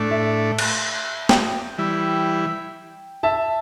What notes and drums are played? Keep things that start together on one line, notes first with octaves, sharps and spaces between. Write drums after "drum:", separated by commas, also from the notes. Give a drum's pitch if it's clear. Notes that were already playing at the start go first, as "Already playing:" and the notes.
Already playing: A2 A3 D4
E5
drum: cymbal
G5, drum: snare
E3 G3 E4
E5 A5